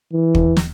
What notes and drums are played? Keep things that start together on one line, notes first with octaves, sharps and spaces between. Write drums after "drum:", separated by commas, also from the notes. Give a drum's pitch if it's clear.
E3
drum: kick
drum: snare